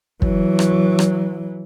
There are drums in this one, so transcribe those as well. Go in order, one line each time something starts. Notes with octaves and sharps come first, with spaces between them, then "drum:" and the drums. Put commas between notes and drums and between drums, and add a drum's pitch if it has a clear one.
E3 F#3, drum: kick
drum: rim click
drum: rim click